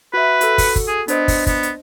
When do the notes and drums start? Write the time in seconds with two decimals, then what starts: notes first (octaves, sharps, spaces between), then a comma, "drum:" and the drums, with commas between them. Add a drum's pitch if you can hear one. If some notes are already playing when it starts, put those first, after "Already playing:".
0.14 F#4 B4 E5
0.41 F#4 A4, drum: hi-hat
0.58 drum: kick, open hi-hat
0.76 drum: kick, hi-hat
0.88 G#4
1.08 B3 D4 C5 D#5, drum: hi-hat
1.28 drum: kick, open hi-hat
1.47 B3, drum: kick, hi-hat
1.63 drum: hi-hat